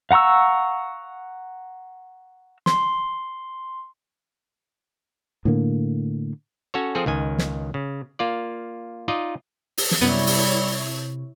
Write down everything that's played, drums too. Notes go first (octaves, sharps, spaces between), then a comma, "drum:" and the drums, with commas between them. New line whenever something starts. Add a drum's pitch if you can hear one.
F5 F#5 A#5 C#6 E6
C6, drum: snare
A2 D3 A#3
C#4 F#4 A4 C#5
F3 C4 G#4 A4
C#2 D#3 G#5
drum: snare
C#3
A#3 F4 D5
D#4 F4 D5 D#5
drum: open hi-hat
drum: snare
F#2 C3 G3 B3 E4 C#5
drum: open hi-hat